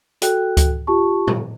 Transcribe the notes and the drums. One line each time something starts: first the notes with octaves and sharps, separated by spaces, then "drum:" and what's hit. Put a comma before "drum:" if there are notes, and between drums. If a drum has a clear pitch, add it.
F#4 A4 G5 F#6, drum: hi-hat
drum: kick C#2, hi-hat
F4 G4 A5 C#6
drum: tom A#2